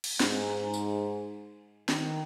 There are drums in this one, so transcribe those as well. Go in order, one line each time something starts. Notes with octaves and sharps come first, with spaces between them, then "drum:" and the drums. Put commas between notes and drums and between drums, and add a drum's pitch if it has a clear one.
drum: cymbal
G#2, drum: snare
drum: tambourine
D#3, drum: snare